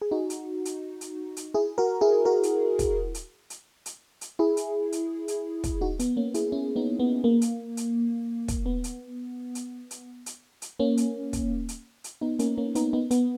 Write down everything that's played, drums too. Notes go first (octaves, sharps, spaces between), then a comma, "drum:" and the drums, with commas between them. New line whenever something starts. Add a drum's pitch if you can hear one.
G#4
D#4 F#4
drum: hi-hat
drum: hi-hat
drum: hi-hat
drum: hi-hat
E4 G#4
F#4 A#4
E4 G#4
F#4 A#4
drum: hi-hat
drum: kick, hi-hat
drum: hi-hat
drum: hi-hat
drum: hi-hat
drum: hi-hat
E4 G#4
drum: hi-hat
drum: hi-hat
drum: hi-hat
drum: kick, hi-hat
D#4 F#4
B3, drum: hi-hat
A#3 C#4
E4 G#4, drum: hi-hat
C#4 E4
B3 D#4
B3
A#3
drum: hi-hat
drum: hi-hat
drum: kick, hi-hat
B3
drum: hi-hat
drum: hi-hat
drum: hi-hat
drum: hi-hat
drum: hi-hat
A#3 C#4
drum: hi-hat
drum: kick, hi-hat
drum: hi-hat
drum: hi-hat
B3 D#4
A#3 C#4, drum: hi-hat
A#3 C#4
B3 D#4, drum: hi-hat
B3 D#4
B3, drum: hi-hat